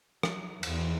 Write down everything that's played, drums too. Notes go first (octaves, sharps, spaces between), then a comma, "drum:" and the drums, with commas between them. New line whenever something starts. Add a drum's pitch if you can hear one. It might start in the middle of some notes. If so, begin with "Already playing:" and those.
F#3, drum: rim click
E2, drum: cymbal